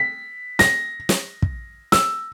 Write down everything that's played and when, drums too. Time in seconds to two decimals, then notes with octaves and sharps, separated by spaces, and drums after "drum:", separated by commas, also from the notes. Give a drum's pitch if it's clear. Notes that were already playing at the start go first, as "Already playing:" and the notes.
Already playing: B6
0.59 A#6, drum: snare
1.09 drum: snare
1.42 drum: kick
1.92 E6, drum: snare